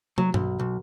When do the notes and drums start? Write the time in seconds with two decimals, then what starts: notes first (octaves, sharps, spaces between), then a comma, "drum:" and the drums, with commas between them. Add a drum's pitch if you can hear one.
0.18 F#3, drum: tom
0.34 B1, drum: tom G2
0.60 B1